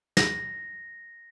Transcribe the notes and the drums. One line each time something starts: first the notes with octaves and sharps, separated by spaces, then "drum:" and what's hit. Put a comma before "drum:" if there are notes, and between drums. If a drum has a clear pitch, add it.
A#6, drum: snare